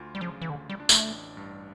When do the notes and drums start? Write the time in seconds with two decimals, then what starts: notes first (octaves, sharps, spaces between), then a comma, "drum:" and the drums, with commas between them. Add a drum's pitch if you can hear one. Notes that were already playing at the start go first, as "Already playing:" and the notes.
Already playing: D2 F4
0.15 G3
0.21 C#3 F3
0.42 E3
0.50 D2 D3
0.70 G3
0.80 D4
0.89 A3, drum: tambourine
1.08 A1
1.37 G2